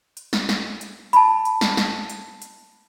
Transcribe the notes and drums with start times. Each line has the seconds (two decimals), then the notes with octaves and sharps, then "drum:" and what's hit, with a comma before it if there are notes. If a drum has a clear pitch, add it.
0.17 drum: hi-hat
0.33 drum: snare
0.49 drum: snare
0.81 drum: hi-hat
1.13 A5 B5, drum: hi-hat
1.45 drum: hi-hat
1.61 drum: snare
1.77 drum: snare
2.10 drum: hi-hat
2.42 drum: hi-hat